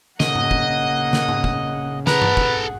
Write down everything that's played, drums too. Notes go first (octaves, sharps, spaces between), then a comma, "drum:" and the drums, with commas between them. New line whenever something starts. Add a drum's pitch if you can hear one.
C#3 A#3 D#5 F#5, drum: snare
drum: tom G#2
drum: kick
drum: snare
drum: tom G#2
drum: kick
G#4 A4 B4 F#5 A#5, drum: snare
drum: tom G2
drum: kick